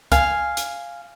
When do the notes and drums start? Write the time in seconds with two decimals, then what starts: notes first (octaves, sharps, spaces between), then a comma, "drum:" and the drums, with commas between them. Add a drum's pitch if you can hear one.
0.12 F5 G#5, drum: kick C2, hi-hat
0.57 drum: hi-hat